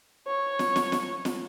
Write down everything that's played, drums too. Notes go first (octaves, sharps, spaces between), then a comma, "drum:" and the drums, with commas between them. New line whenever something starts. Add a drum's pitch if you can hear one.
C#5
drum: snare
drum: snare
drum: snare
drum: snare